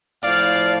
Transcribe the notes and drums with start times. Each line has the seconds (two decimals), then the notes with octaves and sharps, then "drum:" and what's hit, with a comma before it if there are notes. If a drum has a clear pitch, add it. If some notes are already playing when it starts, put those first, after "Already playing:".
0.23 A2 F3 D5 F5, drum: hi-hat
0.39 drum: hi-hat
0.55 drum: hi-hat